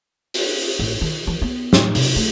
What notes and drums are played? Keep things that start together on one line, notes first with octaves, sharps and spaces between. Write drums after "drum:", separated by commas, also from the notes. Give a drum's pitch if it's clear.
drum: open hi-hat
A1
D#3
E3
B3
A2, drum: snare
C3, drum: open hi-hat
A3